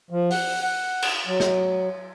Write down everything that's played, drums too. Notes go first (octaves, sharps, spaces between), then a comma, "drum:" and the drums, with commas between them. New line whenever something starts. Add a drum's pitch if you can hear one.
F3
F#5, drum: open hi-hat
F#5
drum: cymbal
F#3
drum: snare